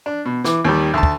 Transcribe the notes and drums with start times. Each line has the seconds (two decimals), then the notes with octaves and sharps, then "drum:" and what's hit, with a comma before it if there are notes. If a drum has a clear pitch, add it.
0.06 D4
0.25 B2
0.44 E3 D6, drum: snare
0.64 D#2 D#3 G3
0.94 D2 A5
1.03 drum: kick